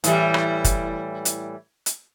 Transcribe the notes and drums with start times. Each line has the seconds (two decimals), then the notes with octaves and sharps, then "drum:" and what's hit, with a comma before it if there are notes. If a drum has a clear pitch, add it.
0.04 A2 E3 G3, drum: hi-hat
0.34 drum: rim click
0.64 drum: kick, hi-hat
1.25 drum: hi-hat
1.86 drum: hi-hat